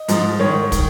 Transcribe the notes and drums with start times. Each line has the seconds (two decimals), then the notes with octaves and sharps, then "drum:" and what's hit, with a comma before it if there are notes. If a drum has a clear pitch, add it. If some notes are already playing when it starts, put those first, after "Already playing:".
Already playing: D#5
0.08 G#2 F3, drum: hi-hat
0.39 G#2 D#3 C#5
0.72 D#3, drum: kick, hi-hat